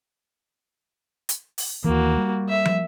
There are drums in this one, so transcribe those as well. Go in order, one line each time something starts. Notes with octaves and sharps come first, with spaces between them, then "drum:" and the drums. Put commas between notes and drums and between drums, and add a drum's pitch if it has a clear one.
drum: hi-hat
drum: open hi-hat
D#2 E3 A#3 F#4
G3
E5
drum: tom